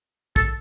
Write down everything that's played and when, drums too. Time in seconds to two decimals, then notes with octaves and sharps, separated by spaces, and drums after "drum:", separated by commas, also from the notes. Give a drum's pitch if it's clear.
0.36 A4, drum: kick